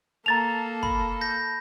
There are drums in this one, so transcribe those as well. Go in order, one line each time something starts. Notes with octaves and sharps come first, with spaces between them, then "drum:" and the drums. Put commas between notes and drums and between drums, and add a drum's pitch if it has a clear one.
A#3 A4 A5 A#5 A6 F7
B5, drum: kick
G6 A#6